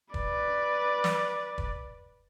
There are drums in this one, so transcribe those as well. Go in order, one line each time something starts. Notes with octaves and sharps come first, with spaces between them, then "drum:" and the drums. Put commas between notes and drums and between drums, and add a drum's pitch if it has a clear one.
B4 D5, drum: kick
drum: snare
drum: kick